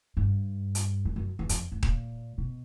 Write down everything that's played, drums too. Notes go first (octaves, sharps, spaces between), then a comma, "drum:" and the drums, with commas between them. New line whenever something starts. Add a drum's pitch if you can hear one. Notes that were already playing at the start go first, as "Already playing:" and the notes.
G2
drum: hi-hat
F#2
F#2
E2
F2, drum: hi-hat
G#2
A#2, drum: kick D#1
B2